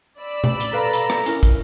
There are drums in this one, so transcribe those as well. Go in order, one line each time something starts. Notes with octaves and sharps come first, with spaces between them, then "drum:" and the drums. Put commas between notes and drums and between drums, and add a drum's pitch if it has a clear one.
D5 B5 E6
drum: tom B2
drum: hi-hat
A4 B4 F5 A#5
drum: hi-hat
drum: rim click
C#4 E4 A#4, drum: hi-hat
drum: kick, hi-hat